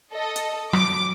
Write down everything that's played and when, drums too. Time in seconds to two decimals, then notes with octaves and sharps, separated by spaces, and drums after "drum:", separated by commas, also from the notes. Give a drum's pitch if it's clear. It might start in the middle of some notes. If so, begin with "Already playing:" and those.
0.12 A4 D#5
0.36 drum: hi-hat
0.73 F#3 D6, drum: rim click